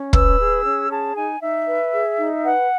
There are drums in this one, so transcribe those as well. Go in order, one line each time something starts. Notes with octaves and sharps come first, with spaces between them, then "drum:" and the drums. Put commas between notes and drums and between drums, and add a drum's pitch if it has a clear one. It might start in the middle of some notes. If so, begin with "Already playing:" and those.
Already playing: C#4
B4 E6, drum: kick
G#4
C#4
G#4 A5
D#4 G#5
D#4 E5
B4
G#4
D#4
B4 F#5